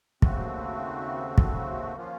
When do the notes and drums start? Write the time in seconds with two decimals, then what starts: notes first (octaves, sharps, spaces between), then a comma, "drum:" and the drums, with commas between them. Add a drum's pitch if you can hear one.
0.22 D#2 C#3 A3 C4 F#4, drum: kick
1.38 drum: kick
1.95 F3 A#3 C#4 F4